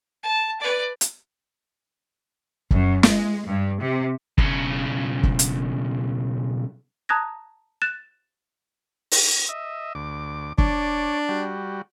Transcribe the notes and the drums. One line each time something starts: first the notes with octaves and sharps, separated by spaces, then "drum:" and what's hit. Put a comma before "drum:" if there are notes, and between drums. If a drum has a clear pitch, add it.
A5
B4 D5
drum: hi-hat
F#2, drum: kick
G#3, drum: snare
G2
C3
B1 C#3, drum: kick
drum: kick
drum: hi-hat
A5 A#5 D#6 F#6 G#6 A#6
F#6 A6 E7
drum: open hi-hat
D#5 E5
D2 D6
D4 C#5 D5, drum: kick
G3 F#4